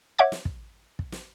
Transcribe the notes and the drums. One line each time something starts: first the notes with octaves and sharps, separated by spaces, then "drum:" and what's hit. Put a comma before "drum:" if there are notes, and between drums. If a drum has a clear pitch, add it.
C#5 E5 F#5 D6 G#6
drum: snare
drum: kick
drum: kick
drum: snare